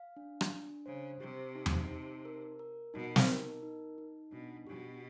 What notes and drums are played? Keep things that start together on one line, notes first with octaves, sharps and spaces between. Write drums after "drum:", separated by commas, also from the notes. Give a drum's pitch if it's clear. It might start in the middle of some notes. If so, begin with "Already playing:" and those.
Already playing: F5
D4
drum: rim click
D4
C#3 C5
C3 G4
D#4
drum: tom E2
D#4
A#4
A#4
B2 D#4
drum: snare
A#4
D#4
D#4
B2 D4
B2 G4